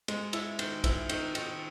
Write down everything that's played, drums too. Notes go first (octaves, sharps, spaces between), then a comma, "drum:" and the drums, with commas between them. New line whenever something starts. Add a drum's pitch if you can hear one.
G#3, drum: cymbal
E4, drum: cymbal
D#3, drum: cymbal
E4, drum: kick, cymbal
D#3, drum: cymbal
D#3, drum: cymbal